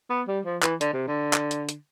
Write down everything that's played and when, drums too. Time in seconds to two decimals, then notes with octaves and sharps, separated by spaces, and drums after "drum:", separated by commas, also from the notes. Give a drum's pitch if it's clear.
0.10 B3
0.28 G3
0.45 F3
0.63 E3, drum: clap
0.81 D3, drum: hi-hat
0.93 C3
1.07 D3
1.33 drum: clap
1.51 drum: hi-hat
1.69 drum: hi-hat